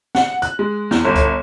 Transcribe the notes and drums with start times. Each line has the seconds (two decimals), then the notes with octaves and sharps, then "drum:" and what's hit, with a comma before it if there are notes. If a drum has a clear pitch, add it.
0.15 F#5, drum: snare
0.42 F#6, drum: hi-hat
0.59 G#3
0.91 E2, drum: snare
1.05 G1
1.15 drum: kick C#2, hi-hat